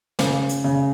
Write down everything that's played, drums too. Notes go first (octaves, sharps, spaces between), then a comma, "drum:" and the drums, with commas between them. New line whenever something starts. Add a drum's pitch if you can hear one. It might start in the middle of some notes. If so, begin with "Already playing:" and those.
C#3, drum: snare
drum: hi-hat
C#3